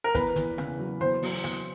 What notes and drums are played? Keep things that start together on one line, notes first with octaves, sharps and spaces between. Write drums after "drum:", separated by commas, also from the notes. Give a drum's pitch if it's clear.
A#4
E2 B4, drum: kick, hi-hat
E2, drum: hi-hat
C#3, drum: rim click
F#3
E2 C5
F#3, drum: open hi-hat
E2, drum: rim click